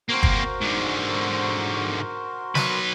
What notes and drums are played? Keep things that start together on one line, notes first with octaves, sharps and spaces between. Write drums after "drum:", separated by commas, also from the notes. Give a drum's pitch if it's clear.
A#3 C4 F#4 A#4 C5
drum: kick
G#2 D3
F#3 B4, drum: snare